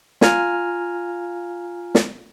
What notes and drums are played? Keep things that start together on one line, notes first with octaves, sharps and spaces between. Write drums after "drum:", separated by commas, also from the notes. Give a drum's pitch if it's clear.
F4 F5 G#5 A#5 F6, drum: snare
drum: snare